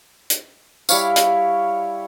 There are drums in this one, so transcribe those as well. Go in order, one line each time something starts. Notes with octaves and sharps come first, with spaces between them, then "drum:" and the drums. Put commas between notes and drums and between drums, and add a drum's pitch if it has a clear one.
drum: hi-hat
G3 E4 C#5 F5, drum: tambourine
drum: hi-hat